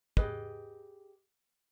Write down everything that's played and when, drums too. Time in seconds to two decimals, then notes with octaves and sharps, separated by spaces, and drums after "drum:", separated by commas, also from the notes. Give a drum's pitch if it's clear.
0.17 G4 G#4 B4 D#5, drum: kick